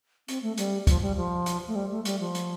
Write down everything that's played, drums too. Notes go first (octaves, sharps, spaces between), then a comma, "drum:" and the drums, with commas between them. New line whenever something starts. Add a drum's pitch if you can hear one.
C4, drum: hi-hat
A3
G3, drum: hi-hat
F3, drum: kick, hi-hat
G3
F3
drum: hi-hat
A3
G3
A3
G3, drum: hi-hat
F3
drum: hi-hat